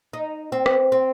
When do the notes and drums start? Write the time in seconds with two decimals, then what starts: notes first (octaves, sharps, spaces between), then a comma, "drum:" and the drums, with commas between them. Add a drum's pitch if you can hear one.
0.13 D#4
0.52 C4
0.66 drum: rim click
0.92 C4